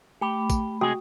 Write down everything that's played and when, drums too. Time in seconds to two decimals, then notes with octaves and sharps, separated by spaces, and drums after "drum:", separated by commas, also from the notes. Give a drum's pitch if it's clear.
0.21 A3 G4 B5
0.50 drum: kick, tambourine
0.81 C3 G#3 F#4 G#4 G5 D#6